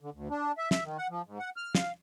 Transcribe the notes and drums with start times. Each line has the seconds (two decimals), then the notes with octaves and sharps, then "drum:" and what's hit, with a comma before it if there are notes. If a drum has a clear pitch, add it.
0.01 D3
0.14 D2
0.31 D4
0.58 E5
0.71 E5, drum: snare
0.84 D#3
0.98 F#5
1.10 F3
1.26 G#2
1.39 F#5
1.56 F6
1.75 F5, drum: snare